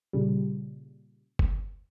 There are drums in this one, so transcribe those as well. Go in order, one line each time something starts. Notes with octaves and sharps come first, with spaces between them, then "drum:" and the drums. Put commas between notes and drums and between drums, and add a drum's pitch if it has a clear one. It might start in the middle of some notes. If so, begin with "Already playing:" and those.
A#2 C#3 G3
drum: kick F#1